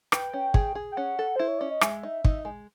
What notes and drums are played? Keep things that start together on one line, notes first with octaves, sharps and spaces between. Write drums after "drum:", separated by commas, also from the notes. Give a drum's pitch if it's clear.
B4 G5, drum: rim click
C#4
G#4, drum: kick
G#4
G5
C#4 F#5
A4
E4 C5
C#5
C#4 D5
D#5
G#3 E5, drum: rim click
D#4
D#4, drum: kick
G#3